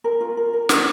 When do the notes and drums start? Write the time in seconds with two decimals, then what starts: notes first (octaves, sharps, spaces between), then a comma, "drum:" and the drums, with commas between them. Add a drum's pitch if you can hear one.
0.04 A#4
0.21 F4
0.37 A#4
0.53 A#4
0.69 F4, drum: snare